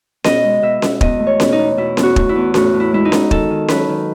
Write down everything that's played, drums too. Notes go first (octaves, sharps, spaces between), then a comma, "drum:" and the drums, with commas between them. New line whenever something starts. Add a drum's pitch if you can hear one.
B2 D#5, drum: snare C#4
G#3
B2 E5
B2, drum: snare C#4
E2 D#5, drum: kick
A3
C#5
B2, drum: snare C#4
D#4
E2
B2 E4
E2, drum: snare C#4
F#4
A3, drum: kick
E4
E2
A2 F#4, drum: snare C#4
A2
E4
G#3 E4
D#4
G#3, drum: snare C#4
D#3 A4, drum: kick
D#3
F#3 B4, drum: snare C#4
D#3